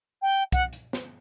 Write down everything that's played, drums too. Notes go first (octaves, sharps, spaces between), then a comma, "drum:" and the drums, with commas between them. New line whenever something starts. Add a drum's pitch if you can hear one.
G5
F#5, drum: kick, hi-hat
drum: hi-hat
drum: snare